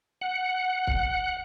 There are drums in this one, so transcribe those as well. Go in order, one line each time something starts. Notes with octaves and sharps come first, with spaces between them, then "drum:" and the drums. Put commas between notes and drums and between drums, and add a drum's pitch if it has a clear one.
F#5
drum: kick